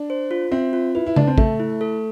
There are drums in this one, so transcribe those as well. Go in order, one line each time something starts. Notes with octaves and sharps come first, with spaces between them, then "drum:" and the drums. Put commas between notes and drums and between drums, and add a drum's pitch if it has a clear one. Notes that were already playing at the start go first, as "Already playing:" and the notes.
Already playing: D4
C5
F4
C4 E5
F4
E4 B4
E4
D4 A5, drum: tom C#3
C4
A3 E5, drum: kick
E4
A4